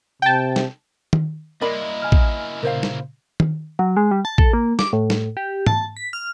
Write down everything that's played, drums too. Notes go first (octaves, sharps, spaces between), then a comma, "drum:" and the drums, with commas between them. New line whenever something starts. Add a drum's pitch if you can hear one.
C3 G5 A5
drum: snare
drum: tom D#3
A#3 E4 A#4 D5 D#5 B5 C6
G#5 F6
drum: kick
A#2 C#3 A#4 C5 F5
drum: snare
drum: tom D#3
F#3
G#3
G3
A5
A4, drum: kick
A#3
D6, drum: snare
A2
drum: snare
G4
A5, drum: tom G#2
B6
F6